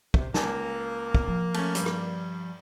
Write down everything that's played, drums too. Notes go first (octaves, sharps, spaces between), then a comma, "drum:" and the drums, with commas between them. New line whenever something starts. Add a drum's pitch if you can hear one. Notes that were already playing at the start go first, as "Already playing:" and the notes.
C3, drum: kick
C#2 A#3 G#5 A5, drum: snare
drum: kick
F3
A3 C#4, drum: cymbal
G2 G3, drum: hi-hat
drum: rim click